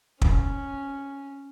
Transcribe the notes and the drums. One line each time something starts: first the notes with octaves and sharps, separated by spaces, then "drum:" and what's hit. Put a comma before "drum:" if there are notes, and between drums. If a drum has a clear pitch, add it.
C#4, drum: kick